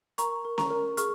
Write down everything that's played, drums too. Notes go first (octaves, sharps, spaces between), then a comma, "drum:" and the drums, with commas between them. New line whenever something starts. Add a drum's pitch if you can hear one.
A#4 A#5 C#6, drum: hi-hat
A#4
A#5 C#6, drum: snare C#4
A#4
G#4 C#6 F6, drum: hi-hat